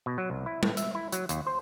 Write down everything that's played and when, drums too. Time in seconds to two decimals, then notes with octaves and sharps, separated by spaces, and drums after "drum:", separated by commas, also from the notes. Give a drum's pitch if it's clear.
0.06 B2
0.18 F#3
0.30 C2
0.46 E4
0.63 A2, drum: tom
0.77 E5, drum: hi-hat
0.95 E4
1.12 F#3, drum: hi-hat
1.29 D#2, drum: hi-hat
1.47 C5